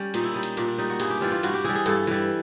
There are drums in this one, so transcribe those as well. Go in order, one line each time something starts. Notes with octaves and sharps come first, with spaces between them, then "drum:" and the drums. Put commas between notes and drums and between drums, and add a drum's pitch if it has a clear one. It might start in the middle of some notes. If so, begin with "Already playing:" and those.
Already playing: G3 C#4
A#2 D#4, drum: cymbal
E4
G3 D#4
drum: cymbal
A#2 D4, drum: cymbal
D4
G3 D#4
F#4
G2 G#4, drum: cymbal
G4
E3 G3 F4
F4
G2 F#4, drum: cymbal
G4
E3 G3 G#4
G#4
G2 A4, drum: cymbal
E3 G3